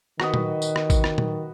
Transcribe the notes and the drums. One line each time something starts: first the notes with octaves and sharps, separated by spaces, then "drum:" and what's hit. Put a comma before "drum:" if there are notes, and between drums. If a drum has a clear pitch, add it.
D#3 F#4 B4 D#5, drum: rim click
drum: tom A#2
drum: tambourine
drum: rim click
drum: kick, tambourine
drum: rim click
drum: tom A#2